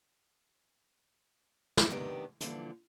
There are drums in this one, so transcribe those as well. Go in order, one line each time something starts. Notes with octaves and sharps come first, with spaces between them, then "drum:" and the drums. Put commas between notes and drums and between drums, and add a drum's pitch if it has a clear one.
drum: snare
C3 D#3 B3 D4 G4
G2 A#2 D3 E3 F3, drum: hi-hat